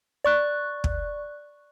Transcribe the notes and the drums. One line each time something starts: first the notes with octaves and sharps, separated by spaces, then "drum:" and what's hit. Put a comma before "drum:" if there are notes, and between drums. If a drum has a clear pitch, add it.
D5 C#6 F#6
drum: kick